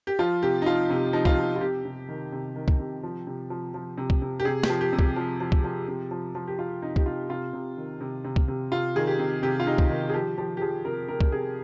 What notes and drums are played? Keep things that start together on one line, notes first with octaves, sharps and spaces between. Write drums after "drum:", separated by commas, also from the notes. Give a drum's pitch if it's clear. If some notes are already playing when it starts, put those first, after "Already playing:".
G4
F3 F4
C3 G4
D#4
F3 F4
C3 D#4
F3 D#4
F4, drum: kick C2
F3
F4
C3 G4
C3
D#3
C3
D#3
drum: kick C2
C3
F3
C3
F3
F3
C3
drum: kick C2
C3
G4
C3 G#4
G4, drum: snare
F3
G4
C3
G4, drum: kick C2
F3
F3
drum: kick C2
F3
C3
F3
F3
G4
F3 F4
C3 D#4
G4, drum: kick C2
C3 F4
C3 F4
C3
D#3
C3
C3
drum: kick C2
C3
C3 F4
D#3 G#4
G4
C3
C3 G4
F4
C3 D#4
drum: kick C2
D#3
G#4
F3 G4
F3 G4
G4
F3 G#4
C3 A#4
C3 A#4
drum: kick C2
C3 G#4